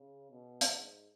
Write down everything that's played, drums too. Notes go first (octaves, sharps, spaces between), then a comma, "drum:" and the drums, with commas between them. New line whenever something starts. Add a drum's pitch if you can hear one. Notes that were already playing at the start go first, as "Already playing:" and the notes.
Already playing: C#3
B2
drum: hi-hat
G#2